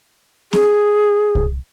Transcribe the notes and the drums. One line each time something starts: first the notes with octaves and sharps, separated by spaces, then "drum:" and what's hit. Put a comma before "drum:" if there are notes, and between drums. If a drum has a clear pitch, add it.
G#4, drum: snare C4
drum: kick C2